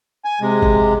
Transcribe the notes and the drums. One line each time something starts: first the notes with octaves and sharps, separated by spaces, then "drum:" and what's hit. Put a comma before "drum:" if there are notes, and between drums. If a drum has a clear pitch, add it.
G#5
C3 G#3
drum: kick G1